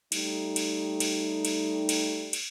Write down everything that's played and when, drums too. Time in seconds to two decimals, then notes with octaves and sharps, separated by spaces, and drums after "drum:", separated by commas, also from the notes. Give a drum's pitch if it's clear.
0.12 G3 A3 D#4, drum: cymbal
0.56 drum: cymbal
1.00 drum: cymbal
1.45 drum: cymbal
1.89 drum: cymbal
2.33 drum: cymbal